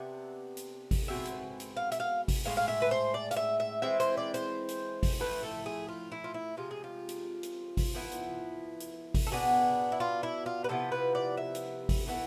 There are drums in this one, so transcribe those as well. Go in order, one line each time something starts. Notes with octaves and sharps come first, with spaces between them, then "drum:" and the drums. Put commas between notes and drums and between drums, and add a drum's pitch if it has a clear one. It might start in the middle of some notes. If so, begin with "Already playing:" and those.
Already playing: C3 B3 D4 E5
drum: hi-hat
drum: kick G#1, open hi-hat
B2 G#3 C4 E5
drum: hi-hat
drum: hi-hat
F5
E5, drum: hi-hat
F5
drum: kick G#1, open hi-hat
A2 G#3 F5
F5
E5
B4
C5
D5
F5, drum: hi-hat
E5
E5
E3 G#3 C4 E4 E5
C5, drum: hi-hat
D5
C5, drum: hi-hat
drum: hi-hat
drum: kick G#1, open hi-hat
A2 F3 A3 E4 B4
A4
G#4
F4
E4
F4
E4
C3 F3 G#3 F4
G#4
F4
drum: hi-hat
drum: hi-hat
drum: kick G#1, open hi-hat
F3 B3 E4
drum: hi-hat
drum: hi-hat
drum: kick G#1, open hi-hat
A4
B2 B3 D4 G#4
E4
F4
E4
F4
B4
C3 F3 B3 E4 A4
B4
D5
E5
drum: hi-hat
drum: kick G#1, open hi-hat
A2 E3 B3 E4